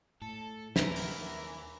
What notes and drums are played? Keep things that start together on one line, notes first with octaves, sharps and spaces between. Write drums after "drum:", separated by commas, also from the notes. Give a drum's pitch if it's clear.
A2 A4
D#2 E3 A#4 B4 C#5 E5, drum: snare
drum: open hi-hat